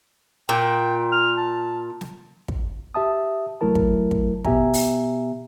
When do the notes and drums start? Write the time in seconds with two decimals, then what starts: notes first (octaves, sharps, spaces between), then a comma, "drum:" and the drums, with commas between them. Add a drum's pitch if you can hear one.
0.49 A#2 G5
1.12 F6
1.37 A5
2.01 drum: snare
2.48 drum: kick
2.94 G4 E5 A5 D#6
3.61 C2 F#3 A3 E4 A#4 A5
3.75 drum: kick
4.11 drum: kick
4.45 B2 B3 G4 E5 G#5 A#5, drum: kick
4.74 drum: open hi-hat